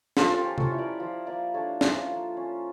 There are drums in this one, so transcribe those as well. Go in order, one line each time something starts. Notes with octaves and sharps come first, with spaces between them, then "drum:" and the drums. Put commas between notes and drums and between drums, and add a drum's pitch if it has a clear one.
F3 F4 A4, drum: snare
G4 A#4
C#4
A4 C#5, drum: tom C3
E4
A#4 D5
F3
A#3 A#4 D5
D4 A4 C#5
F3 F4 A4, drum: snare
A#3
C#4